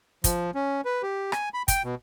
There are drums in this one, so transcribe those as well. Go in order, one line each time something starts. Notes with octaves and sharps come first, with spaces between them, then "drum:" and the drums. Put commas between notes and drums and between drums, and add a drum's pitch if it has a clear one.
F3, drum: kick, hi-hat
C#4
B4
G4
G#5, drum: rim click
B5
G5, drum: kick, hi-hat
B2